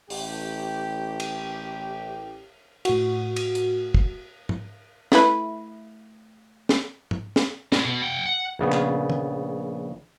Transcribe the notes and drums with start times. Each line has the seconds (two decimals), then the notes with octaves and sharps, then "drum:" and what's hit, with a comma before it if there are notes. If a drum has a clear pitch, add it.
0.10 A1 G4, drum: open hi-hat
1.20 drum: cymbal
2.85 A2 F#4, drum: cymbal
3.36 drum: cymbal
3.55 drum: hi-hat
3.94 drum: kick
4.49 drum: tom
5.12 A3 E4 B4, drum: snare
6.69 drum: snare
7.11 drum: tom
7.36 drum: snare
7.72 A#2 G#3, drum: snare
7.85 B2
8.02 F#5 G5
8.26 F#5
8.59 A#1 C#3 B3
8.72 drum: clap
9.10 drum: tom